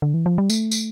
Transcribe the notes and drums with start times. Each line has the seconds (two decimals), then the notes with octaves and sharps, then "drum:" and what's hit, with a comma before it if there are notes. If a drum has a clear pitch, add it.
0.02 D3
0.14 E3
0.26 F3
0.38 G3
0.50 A3, drum: tambourine
0.71 drum: tambourine